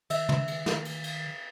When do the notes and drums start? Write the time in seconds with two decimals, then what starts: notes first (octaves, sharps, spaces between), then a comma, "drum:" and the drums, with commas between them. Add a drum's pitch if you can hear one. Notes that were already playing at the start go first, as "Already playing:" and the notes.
0.10 D#3 E5, drum: cymbal
0.29 drum: tom
0.48 drum: cymbal
0.66 drum: snare
0.85 drum: cymbal
1.04 drum: cymbal